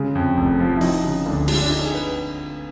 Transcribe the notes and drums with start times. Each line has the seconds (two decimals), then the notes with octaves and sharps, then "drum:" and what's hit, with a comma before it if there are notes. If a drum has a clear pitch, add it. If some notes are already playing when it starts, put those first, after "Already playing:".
Already playing: C#3 G#3
0.15 F2
0.37 F1
0.59 F3
0.76 E4
0.81 F3 D#4, drum: open hi-hat
1.04 C#3
1.26 D2 D4
1.48 G#3 D4, drum: cymbal
1.62 D4
1.70 D3 D#4
1.86 G#4
1.95 B4